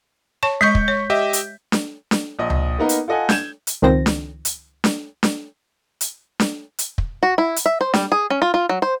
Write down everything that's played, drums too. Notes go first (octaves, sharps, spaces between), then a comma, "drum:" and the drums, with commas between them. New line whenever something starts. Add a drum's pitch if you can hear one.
C#5 A5 C#6
G#3 D#5 C#6 G6 B6
drum: kick
C#5
G4 D#5 E5
drum: hi-hat
drum: snare D4
drum: snare D4
A#1 D#5
drum: tom C#2
A#3 B3 D#4 A#4
drum: hi-hat
F4 A4 D#5 F#5 G#5
G6 G#6 E7, drum: snare D4
drum: hi-hat
C#2 D#3 F3 C4 C5 A#6
drum: snare D4
drum: hi-hat
drum: snare D4
drum: snare D4
drum: hi-hat
drum: snare D4
drum: hi-hat
drum: kick
F#4
E4
drum: hi-hat
E5
C5
G3, drum: snare D4
G#4
C#4
F4
F4
F#3
C5